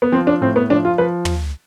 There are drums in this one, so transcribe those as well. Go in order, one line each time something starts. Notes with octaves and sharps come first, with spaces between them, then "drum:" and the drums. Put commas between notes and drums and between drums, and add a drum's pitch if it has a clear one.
B3
F3 C4
D4
A2 C4
B3
F3 D4
F4
F3 B4
drum: tom